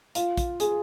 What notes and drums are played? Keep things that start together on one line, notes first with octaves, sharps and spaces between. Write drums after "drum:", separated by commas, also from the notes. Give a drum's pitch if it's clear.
F4, drum: hi-hat
drum: kick, hi-hat
G#4, drum: hi-hat